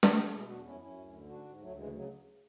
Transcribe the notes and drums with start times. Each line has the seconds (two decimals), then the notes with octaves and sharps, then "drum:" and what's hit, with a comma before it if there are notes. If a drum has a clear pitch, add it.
0.03 drum: snare
0.21 A4
0.32 B2 E4 G#4
0.49 E2 D4 F#4
0.65 F#2 C#4 E4
0.81 F#2 C#4 E4
0.97 D2
1.13 D3
1.29 G#2 D4 F#4
1.45 G#2
1.61 D2 F#3 A3
1.77 C#3 E3 G#3
1.93 C#3 F#3